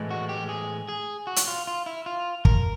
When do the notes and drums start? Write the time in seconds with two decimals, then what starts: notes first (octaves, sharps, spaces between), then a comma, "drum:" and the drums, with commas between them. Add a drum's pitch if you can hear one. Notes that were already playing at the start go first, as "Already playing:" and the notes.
Already playing: A2 E3 G#3
0.11 F#4
0.29 G4
0.49 G#4
0.89 G#4
1.27 F#4
1.36 drum: hi-hat
1.48 F4
1.67 F4
1.86 E4
2.06 F4
2.45 A#4, drum: kick